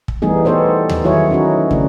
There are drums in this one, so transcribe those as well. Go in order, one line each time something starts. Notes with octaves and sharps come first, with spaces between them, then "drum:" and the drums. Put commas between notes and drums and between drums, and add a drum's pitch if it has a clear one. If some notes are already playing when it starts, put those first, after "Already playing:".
drum: kick
E3 G3 A3 B3 D#4 G#4
B3 D#4 G4 A4 C5 C#5
drum: tom D#2
D#3 F#3 E4 F#4 G#4 C#5
C#4 D#4 F#4
C#3 A3 C#4 D4, drum: kick